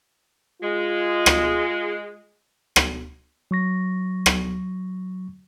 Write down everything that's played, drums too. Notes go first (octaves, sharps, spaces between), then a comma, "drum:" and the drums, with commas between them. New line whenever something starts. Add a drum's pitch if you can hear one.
G#3 F4
drum: rim click
drum: rim click
F#3 C#6 A#6
drum: rim click